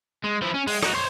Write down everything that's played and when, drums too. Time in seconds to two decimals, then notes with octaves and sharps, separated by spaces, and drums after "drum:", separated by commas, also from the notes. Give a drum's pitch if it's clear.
0.24 G#3
0.42 F3 E4
0.54 C#4
0.67 G#3, drum: open hi-hat
0.83 D#4 F#4, drum: rim click
0.95 C5 C#5